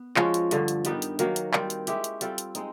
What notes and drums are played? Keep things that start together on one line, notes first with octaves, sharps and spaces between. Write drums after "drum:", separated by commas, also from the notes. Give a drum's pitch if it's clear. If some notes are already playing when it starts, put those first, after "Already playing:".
Already playing: B3
F3 G#3 C#4 F#4, drum: clap
drum: hi-hat
G2 D3 F3, drum: hi-hat
drum: hi-hat
D#3 G3 B3 D#4, drum: hi-hat
drum: hi-hat
D#3 F#3 A#3, drum: hi-hat
drum: hi-hat
D#3 G3 C4, drum: clap
drum: hi-hat
G#3 C#4 E4 G4, drum: hi-hat
drum: hi-hat
G3 C4 F4 A4, drum: hi-hat
drum: hi-hat
G#3 C4 D#4, drum: hi-hat